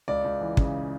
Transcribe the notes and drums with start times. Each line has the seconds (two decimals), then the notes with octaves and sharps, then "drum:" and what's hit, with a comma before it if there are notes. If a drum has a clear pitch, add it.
0.08 C#2 D5
0.24 C#2
0.41 E3
0.57 C#3, drum: kick